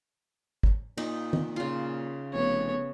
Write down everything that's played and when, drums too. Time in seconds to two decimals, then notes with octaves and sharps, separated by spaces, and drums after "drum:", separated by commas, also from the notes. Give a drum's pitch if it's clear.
0.63 drum: kick
0.97 A#2 D#4, drum: cymbal
1.33 drum: tom D#3
1.56 C#3 F4
2.33 F1 B3 C#5